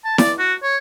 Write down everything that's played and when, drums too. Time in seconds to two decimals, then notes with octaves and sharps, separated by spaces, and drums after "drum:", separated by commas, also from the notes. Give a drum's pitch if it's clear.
0.04 A5
0.18 D5, drum: snare E4
0.39 F#4
0.63 C#5